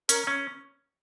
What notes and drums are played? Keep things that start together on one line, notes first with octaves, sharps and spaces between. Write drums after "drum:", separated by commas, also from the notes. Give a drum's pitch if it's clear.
C#4 A#4, drum: hi-hat
C#4